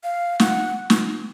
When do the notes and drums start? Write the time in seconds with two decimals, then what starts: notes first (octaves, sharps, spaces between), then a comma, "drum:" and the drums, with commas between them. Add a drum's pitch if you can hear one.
0.04 F5
0.40 F#5, drum: snare
0.90 drum: snare